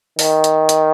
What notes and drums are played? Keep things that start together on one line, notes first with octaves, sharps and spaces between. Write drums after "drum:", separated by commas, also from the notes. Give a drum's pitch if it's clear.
D#3, drum: open hi-hat
drum: hi-hat
drum: hi-hat